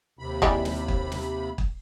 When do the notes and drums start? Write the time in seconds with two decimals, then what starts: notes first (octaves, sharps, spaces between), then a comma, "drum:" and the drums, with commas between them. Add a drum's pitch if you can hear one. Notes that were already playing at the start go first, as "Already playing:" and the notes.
0.19 D#2 C3 B5
0.42 E3 G3 G#3, drum: kick
0.65 drum: snare
0.88 drum: kick
1.12 drum: snare
1.58 drum: kick